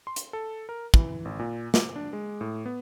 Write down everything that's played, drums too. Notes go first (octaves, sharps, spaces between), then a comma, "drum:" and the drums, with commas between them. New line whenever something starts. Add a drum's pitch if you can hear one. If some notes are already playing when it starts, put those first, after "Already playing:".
C6
drum: hi-hat
A4
A#4
E3, drum: kick
G#1
A#2
D6, drum: snare
D4
G#3
A2
B3